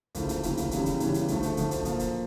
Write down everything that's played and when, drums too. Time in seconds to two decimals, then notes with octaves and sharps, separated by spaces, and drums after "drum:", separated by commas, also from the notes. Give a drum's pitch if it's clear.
0.15 D2 C#3 F3 A#3 E4, drum: kick, hi-hat
0.29 drum: hi-hat
0.43 D2 C#3 F3 A#3 E4, drum: hi-hat
0.57 drum: kick, hi-hat
0.71 E2 C#3 E3 G3 C#4, drum: hi-hat
0.86 drum: hi-hat
1.00 E2 C#3 E3 G3 C#4, drum: hi-hat
1.14 drum: hi-hat
1.28 D2 D3 F3 A3, drum: kick, hi-hat
1.43 drum: hi-hat
1.57 D2 D3 F3 A3, drum: hi-hat
1.71 drum: kick, hi-hat
1.85 A#2 F3 A#3, drum: hi-hat
1.99 drum: hi-hat